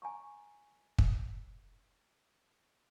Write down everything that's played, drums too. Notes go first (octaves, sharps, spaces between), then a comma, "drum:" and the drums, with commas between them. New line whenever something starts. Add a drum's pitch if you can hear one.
G#5 A#5 C#6
drum: kick